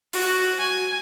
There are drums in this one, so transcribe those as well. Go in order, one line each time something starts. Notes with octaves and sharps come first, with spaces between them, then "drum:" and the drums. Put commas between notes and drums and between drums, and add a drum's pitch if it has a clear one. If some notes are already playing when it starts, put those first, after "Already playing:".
F#4, drum: open hi-hat
G#5